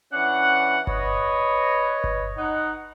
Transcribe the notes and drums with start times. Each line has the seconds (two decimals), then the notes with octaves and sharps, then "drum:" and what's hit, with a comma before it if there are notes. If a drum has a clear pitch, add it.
0.13 E3 C#4 D4 F#5
0.87 B4 C#5 D#5, drum: kick G1
2.04 drum: kick G1
2.38 D#4 F#5